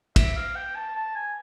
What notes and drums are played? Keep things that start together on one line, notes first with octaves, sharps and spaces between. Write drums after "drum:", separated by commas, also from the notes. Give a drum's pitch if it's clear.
E5, drum: kick, cymbal
F5
G5
A5
A5
G#5